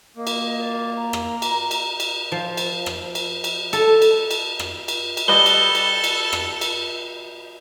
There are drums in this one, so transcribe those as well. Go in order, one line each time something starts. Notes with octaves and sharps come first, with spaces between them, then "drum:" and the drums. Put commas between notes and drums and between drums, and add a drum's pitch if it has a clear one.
A#3 D#5
drum: cymbal
D5
A#5
drum: rim click
drum: cymbal
drum: cymbal
drum: cymbal
F3
drum: cymbal
drum: rim click
drum: cymbal
drum: cymbal
A4, drum: cymbal
drum: cymbal
drum: cymbal
drum: rim click
drum: cymbal
drum: cymbal
G3 A4 B4 D#5 G7
drum: cymbal
drum: cymbal
drum: cymbal
drum: rim click
drum: cymbal